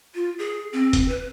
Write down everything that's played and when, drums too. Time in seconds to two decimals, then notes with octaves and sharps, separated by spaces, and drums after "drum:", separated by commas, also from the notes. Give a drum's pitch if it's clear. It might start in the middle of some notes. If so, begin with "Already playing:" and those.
0.15 F4
0.39 G#4
0.73 C4
0.93 drum: kick F1, hi-hat
1.08 B4